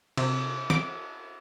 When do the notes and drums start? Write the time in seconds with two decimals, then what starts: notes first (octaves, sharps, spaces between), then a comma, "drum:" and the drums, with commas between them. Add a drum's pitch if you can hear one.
0.17 C3, drum: cymbal
0.70 D6, drum: snare